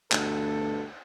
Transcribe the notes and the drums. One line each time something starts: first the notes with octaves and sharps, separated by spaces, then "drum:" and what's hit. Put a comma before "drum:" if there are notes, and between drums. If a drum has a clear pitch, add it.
D2 G2 B2 A4, drum: clap